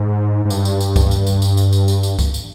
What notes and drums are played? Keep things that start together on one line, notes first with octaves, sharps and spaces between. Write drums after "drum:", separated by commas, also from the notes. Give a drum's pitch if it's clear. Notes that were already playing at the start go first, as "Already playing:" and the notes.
Already playing: G#2
G#2
G2, drum: tambourine
drum: tambourine
drum: tambourine
drum: kick C#2, tambourine
drum: tambourine
drum: tambourine
drum: tambourine
drum: tambourine
drum: tambourine
drum: tambourine
drum: tambourine
drum: kick C#2, tambourine
drum: tambourine